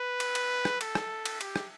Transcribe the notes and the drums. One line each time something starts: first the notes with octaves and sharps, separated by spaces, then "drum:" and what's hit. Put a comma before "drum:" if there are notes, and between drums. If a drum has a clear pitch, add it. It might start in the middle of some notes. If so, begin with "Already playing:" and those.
Already playing: B4
drum: cymbal
drum: cymbal
drum: rim click
A4, drum: cymbal
drum: rim click
drum: cymbal
G4, drum: cymbal
drum: rim click